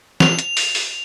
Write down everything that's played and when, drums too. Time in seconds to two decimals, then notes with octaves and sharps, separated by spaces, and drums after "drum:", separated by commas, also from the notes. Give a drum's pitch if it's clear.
0.20 F7, drum: snare
0.39 drum: hi-hat
0.57 drum: open hi-hat
0.75 drum: open hi-hat